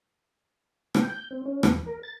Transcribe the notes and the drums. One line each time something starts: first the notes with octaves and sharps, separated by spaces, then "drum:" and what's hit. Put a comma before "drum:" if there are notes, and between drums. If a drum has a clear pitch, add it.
G5, drum: rim click
G6
C4
C#4
E2, drum: rim click
A#4
A6